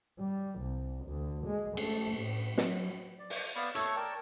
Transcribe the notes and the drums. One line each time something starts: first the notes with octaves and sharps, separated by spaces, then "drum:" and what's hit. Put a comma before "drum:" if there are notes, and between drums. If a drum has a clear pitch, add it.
G3
C2
D2
G#3
A3, drum: cymbal
A2
F#3, drum: snare
D5
drum: open hi-hat
B3 D5 F5 B5
A3 A4 C#5 C#6, drum: hi-hat
A#4 D5 G5 A5